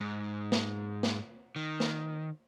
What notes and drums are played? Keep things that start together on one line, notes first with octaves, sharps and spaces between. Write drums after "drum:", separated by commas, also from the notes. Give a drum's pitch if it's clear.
G#2
drum: snare
drum: snare
D#3
drum: snare